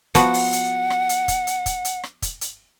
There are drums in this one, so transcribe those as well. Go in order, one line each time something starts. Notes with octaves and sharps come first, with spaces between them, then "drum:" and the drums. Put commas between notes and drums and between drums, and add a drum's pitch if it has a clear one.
F3 B3 F#4 F#5, drum: kick, hi-hat
drum: open hi-hat
drum: hi-hat
drum: rim click
drum: hi-hat
drum: kick, hi-hat
drum: hi-hat
drum: kick, hi-hat
drum: hi-hat
drum: rim click
drum: kick, hi-hat
drum: hi-hat